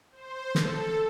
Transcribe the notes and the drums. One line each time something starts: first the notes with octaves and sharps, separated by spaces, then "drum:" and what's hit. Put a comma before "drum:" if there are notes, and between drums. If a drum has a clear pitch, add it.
C5
A4, drum: snare